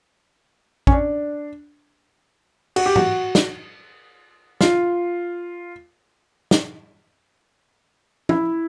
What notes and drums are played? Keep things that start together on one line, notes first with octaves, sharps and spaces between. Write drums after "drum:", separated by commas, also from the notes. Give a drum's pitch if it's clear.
C#4, drum: kick
D4
F#4, drum: cymbal
G4
F#4, drum: tom G#2
drum: snare
F4, drum: snare
drum: snare
E4, drum: tom